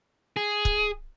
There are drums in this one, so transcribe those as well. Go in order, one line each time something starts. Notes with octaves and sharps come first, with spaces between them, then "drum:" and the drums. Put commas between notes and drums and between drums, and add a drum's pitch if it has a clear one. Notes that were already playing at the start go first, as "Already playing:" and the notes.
G#4
drum: kick